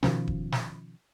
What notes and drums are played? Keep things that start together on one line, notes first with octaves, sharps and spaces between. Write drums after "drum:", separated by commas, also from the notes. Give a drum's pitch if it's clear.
B2 D#3 F3 C#4, drum: snare
drum: kick D#1
drum: snare